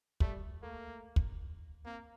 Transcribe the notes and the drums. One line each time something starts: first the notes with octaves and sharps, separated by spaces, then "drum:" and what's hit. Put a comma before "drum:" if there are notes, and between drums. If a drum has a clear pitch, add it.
G3 A3, drum: kick
A3 A#3
drum: kick
A#3 C4